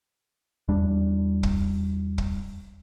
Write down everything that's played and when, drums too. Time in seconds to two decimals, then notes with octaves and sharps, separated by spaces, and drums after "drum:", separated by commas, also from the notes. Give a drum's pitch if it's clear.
0.68 E2 G3 D4
1.43 drum: kick
2.18 drum: kick